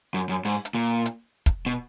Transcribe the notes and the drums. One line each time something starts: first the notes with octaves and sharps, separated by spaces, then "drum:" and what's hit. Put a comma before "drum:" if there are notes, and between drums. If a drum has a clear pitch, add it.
F#2
F#2
G#2, drum: open hi-hat
drum: hi-hat
A#2
drum: hi-hat
drum: kick, hi-hat
B2